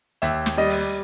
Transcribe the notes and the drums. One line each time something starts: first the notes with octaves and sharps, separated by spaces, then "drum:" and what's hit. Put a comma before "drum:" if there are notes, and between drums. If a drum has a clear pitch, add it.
D#2 E5, drum: hi-hat
drum: snare
G3 D#5
drum: open hi-hat